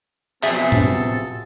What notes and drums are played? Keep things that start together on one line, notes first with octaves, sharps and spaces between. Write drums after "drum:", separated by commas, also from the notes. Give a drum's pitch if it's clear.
C3 F3 F#3 B3 G#4 A4 E5, drum: clap
drum: tom A2